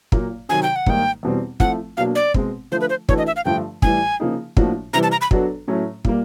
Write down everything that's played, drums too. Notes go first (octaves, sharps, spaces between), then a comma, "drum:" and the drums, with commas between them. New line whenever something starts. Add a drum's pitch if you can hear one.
A#2 F#3 A#3, drum: kick
C3 D#3 F#3 G#5
G5
F#5
G#2 D#3 G3 A#3 D#4 G5, drum: kick
E2 B2 G3 C4
F3 A3 C4 E4 F#5, drum: kick
B2 F#3 A#3 D4 F#4 F5
D5
B2 G#3 C4, drum: kick
D3 F3 A3 C5
B4
C5
E3 A3 D4 F#4 C#5, drum: kick
D#5
E5
F5
G2 D3 F3 A3 G5
A2 E3 G3 G#5, drum: kick
C#3 F3 A#3 D#4 G#4
A2 F3 A#3 D4 F#4, drum: kick
C3 E3 G3 A#5
A5
A#5
B5
F#3 B3 D4 F#4 A4, drum: kick
A2 F#3 A3 C#4
A#2 G3 A#3, drum: kick